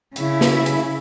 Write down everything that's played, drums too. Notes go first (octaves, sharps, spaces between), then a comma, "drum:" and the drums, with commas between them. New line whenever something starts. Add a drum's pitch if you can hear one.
C#3 E4, drum: hi-hat
drum: snare
drum: hi-hat